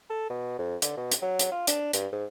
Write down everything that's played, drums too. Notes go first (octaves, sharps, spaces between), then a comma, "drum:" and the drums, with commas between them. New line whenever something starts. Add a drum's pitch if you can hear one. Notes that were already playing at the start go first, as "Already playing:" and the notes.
A4
B2
F2
D3, drum: hi-hat
B2
drum: hi-hat
F#3
drum: hi-hat
F4
D4, drum: hi-hat
G2, drum: hi-hat
G#2